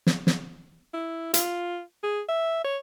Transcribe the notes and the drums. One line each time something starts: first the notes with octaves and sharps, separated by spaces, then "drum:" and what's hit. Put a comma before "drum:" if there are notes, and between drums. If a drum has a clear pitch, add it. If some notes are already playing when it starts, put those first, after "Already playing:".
drum: snare
drum: snare
E4
F4, drum: hi-hat
G#4
E5
C#5